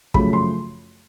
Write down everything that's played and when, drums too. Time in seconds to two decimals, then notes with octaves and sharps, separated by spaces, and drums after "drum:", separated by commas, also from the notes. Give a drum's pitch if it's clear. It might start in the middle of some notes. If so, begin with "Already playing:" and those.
0.14 F#2 C#3 F3 A3 B5, drum: kick
0.33 C6